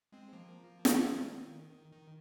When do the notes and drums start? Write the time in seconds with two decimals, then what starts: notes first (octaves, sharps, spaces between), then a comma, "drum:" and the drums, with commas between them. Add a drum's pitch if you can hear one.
0.12 G#3 C4
0.33 F3 A#3
0.85 drum: snare
1.12 D#3 G#3
1.25 D#3
1.39 D#3
1.92 D#3